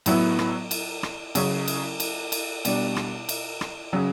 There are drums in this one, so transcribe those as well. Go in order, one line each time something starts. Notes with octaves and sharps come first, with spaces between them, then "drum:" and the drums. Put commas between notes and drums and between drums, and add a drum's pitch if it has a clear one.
A2 F#3 B3 E4, drum: cymbal
drum: rim click
drum: cymbal
drum: rim click
C#3 F#3 C#4, drum: cymbal
drum: cymbal
drum: cymbal
drum: cymbal
B2 G3 D4, drum: cymbal
drum: rim click
drum: cymbal
drum: rim click
C#3 F#3